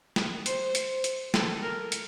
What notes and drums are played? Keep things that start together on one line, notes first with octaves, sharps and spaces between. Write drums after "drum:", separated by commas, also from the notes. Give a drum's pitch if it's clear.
drum: snare
C5, drum: hi-hat
drum: hi-hat
drum: hi-hat
A4, drum: snare
A#4
drum: hi-hat